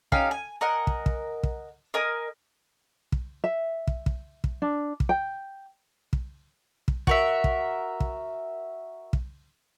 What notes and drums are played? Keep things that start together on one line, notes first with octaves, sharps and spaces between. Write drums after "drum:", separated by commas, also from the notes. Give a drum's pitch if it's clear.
C#4 D#4 G4 F5, drum: kick
G#5
A#4 D#5 F#5 G#5
drum: kick
drum: kick
drum: kick
A#4 D#5 G#5 D#6
drum: kick
E5
drum: kick
drum: kick
drum: kick
D4
drum: kick
G5
drum: kick
drum: kick
F#4 A#4 E5, drum: kick
drum: kick
drum: kick
drum: kick